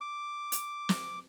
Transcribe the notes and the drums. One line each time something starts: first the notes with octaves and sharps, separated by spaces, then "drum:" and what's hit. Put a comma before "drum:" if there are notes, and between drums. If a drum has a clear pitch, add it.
D6
drum: hi-hat
drum: snare